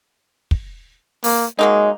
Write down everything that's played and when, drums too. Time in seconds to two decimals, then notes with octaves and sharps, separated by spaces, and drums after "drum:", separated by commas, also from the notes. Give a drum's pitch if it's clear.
0.51 drum: kick
1.24 A#3, drum: open hi-hat
1.59 F#3 G#3 A#3 D#4